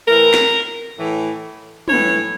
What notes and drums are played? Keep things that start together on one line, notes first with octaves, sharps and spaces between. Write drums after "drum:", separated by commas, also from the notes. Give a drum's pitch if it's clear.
A2 E3 A#4
drum: snare
A2 E3
A2 E3 C#5, drum: tom